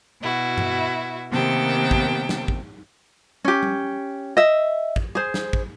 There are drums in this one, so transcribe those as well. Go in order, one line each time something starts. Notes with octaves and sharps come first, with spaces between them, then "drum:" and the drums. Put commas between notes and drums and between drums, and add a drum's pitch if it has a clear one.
B2 E4 F#4
drum: tom G2
C3 D#3 A#3 B3 G5 A5
drum: kick
drum: snare
drum: kick
C#4 G4
drum: tom G3
D#5 E5
drum: kick
G#4 C5
drum: snare
drum: kick